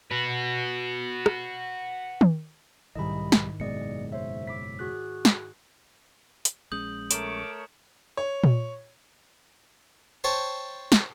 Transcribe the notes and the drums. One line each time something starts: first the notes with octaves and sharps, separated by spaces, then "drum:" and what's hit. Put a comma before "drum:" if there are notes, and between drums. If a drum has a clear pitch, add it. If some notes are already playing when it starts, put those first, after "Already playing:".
F#4 B4
drum: rim click
drum: tom D#3
B1 G#2 D#3 G3 E4 D#5 B5
drum: snare
F#1 B2 G#3 D5 D#5 C#7
C5 C#5 E5
B5 D6 E6 B6
F#4 G#4 F#6
drum: snare
drum: hi-hat
A#1 G#3 C#4 D#6 G6 F#7
A3 A#4 C#5 D6 E7, drum: hi-hat
C#5
drum: tom A#2
C5 C#5 G5 A5
drum: snare